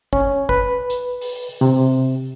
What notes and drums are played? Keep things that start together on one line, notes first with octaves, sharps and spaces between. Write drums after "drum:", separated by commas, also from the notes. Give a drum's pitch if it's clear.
C#4, drum: kick G1
B4, drum: kick G1
drum: hi-hat
drum: open hi-hat
C3